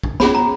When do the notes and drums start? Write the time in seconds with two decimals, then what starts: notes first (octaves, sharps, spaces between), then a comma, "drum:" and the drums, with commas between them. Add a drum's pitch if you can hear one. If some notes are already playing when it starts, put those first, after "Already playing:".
0.03 drum: kick A#1
0.20 C#4 F4 G#4 C#5 B5, drum: snare B3
0.35 A#5